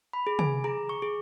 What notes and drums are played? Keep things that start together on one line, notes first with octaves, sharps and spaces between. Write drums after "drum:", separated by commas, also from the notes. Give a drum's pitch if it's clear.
B5
G#4
G#5, drum: tom
G#4 A#5
C#6
G#4